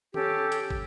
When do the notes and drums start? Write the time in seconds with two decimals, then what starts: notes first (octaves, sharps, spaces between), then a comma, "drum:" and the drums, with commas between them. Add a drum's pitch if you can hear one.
0.14 C#4 G4 A4, drum: tom D#3
0.52 drum: hi-hat
0.70 drum: kick